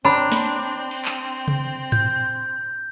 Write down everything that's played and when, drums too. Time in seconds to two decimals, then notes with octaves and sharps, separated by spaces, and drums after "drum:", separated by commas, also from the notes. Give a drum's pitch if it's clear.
0.05 C4 D4 C#5 A#5 B5
0.32 drum: snare
0.91 drum: open hi-hat
1.05 drum: clap
1.48 drum: tom C3
1.92 G6, drum: tom G#2